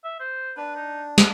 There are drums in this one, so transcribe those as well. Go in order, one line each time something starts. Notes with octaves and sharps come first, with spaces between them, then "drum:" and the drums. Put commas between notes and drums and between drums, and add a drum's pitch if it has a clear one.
E5
C5
D4 B4
D#4
B3, drum: snare